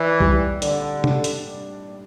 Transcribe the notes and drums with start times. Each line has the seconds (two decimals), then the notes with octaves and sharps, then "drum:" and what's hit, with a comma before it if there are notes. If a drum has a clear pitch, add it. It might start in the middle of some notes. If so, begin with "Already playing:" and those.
Already playing: E3 D5
0.20 G3, drum: kick C2
0.62 D3 D5, drum: hi-hat
1.04 D4, drum: tom
1.24 drum: hi-hat